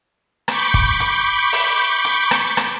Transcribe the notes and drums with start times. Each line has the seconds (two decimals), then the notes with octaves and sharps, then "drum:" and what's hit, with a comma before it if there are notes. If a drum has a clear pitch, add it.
0.48 B5 C#6 D6 G6, drum: rim click
0.74 drum: kick
1.00 drum: hi-hat
1.52 drum: open hi-hat
2.05 drum: hi-hat
2.31 drum: rim click
2.57 drum: rim click